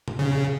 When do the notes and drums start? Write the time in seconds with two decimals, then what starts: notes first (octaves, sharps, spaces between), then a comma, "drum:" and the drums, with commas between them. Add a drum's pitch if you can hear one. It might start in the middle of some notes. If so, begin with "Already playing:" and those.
0.08 drum: tom A#2
0.19 C#3